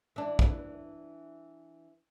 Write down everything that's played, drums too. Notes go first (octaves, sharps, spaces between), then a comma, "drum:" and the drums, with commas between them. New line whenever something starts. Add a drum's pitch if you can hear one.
E3 D4
drum: kick